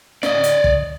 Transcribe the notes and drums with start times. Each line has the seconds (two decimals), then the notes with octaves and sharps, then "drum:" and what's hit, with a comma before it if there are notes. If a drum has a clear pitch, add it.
0.23 D5 D#5, drum: snare
0.44 drum: hi-hat
0.64 drum: kick